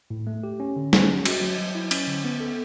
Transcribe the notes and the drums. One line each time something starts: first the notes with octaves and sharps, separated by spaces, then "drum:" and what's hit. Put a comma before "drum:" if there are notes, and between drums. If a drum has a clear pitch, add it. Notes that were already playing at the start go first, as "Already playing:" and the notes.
A2
A3
G4
C#4
D3
C#4, drum: snare
F#3
F#4, drum: cymbal
F#3
F#3
E4
C#4, drum: cymbal
D3
B3
A4